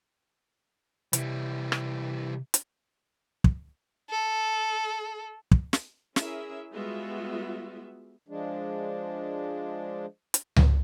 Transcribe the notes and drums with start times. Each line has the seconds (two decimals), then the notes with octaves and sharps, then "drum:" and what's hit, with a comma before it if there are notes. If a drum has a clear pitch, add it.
1.13 C3 E3 G3, drum: hi-hat
1.72 drum: rim click
2.54 drum: hi-hat
3.44 drum: kick
4.10 A4
5.51 drum: kick
5.73 drum: snare
6.16 C#4 E4 G#4 A#4 E5, drum: snare
6.73 G3 G#3 B3 F4 F#4 E5
8.29 F3 G#3 D4
10.34 drum: hi-hat
10.56 drum: tom C#2